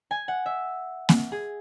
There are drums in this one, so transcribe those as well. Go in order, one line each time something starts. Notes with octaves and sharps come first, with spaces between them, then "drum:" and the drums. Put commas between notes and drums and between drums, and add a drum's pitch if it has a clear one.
G#5
F#5
E5
drum: snare A#3
G#4